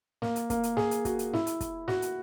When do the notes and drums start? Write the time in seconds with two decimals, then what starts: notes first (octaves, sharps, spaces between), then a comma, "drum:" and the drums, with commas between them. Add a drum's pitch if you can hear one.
0.22 A#3, drum: snare
0.36 drum: hi-hat
0.50 A#3, drum: kick, hi-hat
0.63 drum: hi-hat
0.77 G#4, drum: snare
0.91 drum: hi-hat
1.05 F#4, drum: kick, hi-hat
1.19 drum: hi-hat
1.33 E4, drum: snare
1.47 drum: hi-hat
1.61 drum: kick, hi-hat
1.88 F#4, drum: snare
2.02 drum: hi-hat